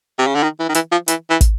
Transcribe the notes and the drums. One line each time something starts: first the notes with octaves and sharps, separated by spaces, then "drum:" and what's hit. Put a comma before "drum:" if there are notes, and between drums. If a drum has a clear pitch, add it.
C3
C#3
D3
D#3
E3
D#3
E3, drum: hi-hat
F3
E3, drum: hi-hat
E3
drum: kick, hi-hat